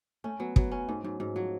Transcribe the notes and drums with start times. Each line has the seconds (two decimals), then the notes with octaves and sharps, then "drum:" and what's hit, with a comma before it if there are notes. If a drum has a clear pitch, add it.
0.24 A3 C#4
0.40 F#3 B3
0.56 F#3 B3, drum: kick
0.71 C#4
0.88 G#2 A3
1.03 G#2 F#3
1.19 G#2 F#3
1.35 F3 F#3